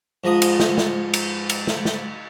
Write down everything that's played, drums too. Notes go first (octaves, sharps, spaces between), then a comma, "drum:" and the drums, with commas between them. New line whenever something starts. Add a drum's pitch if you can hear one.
G#2 F3 A#5 D#6
drum: cymbal
drum: snare
drum: snare
drum: cymbal
drum: cymbal
drum: snare
drum: snare